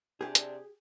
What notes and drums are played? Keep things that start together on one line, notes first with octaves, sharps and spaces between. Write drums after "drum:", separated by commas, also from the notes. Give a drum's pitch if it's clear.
C3 D4 G4 G#4
drum: hi-hat